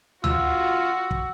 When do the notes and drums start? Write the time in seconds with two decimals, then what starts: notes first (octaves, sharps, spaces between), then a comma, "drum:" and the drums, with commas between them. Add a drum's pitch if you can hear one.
0.24 F4 F#4 E6, drum: tom D2
1.11 drum: kick